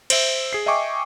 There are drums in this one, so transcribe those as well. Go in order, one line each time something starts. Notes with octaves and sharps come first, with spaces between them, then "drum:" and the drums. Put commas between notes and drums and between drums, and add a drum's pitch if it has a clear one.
C5 E5, drum: cymbal
G#4 C7
D#5 E5 G5 G#5 C#6 D6